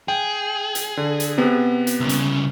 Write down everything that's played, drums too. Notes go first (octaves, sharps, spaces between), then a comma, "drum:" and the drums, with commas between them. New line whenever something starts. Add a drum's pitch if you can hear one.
G#4 G5
drum: hi-hat
D3
drum: hi-hat
C3 B3
drum: hi-hat
C2 C#3
drum: hi-hat